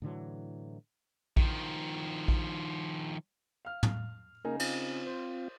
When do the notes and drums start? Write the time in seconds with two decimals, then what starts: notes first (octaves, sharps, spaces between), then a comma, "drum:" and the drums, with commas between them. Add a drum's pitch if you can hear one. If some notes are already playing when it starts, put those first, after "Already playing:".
0.02 A2 D3 E3 F#3
1.37 D#3 F3, drum: kick A#1
2.28 drum: kick A#1
3.65 F5 F6
3.83 drum: tom
4.45 C#3 A#3 D#4 G#4 A#4
4.59 C4 F4, drum: cymbal
5.06 C5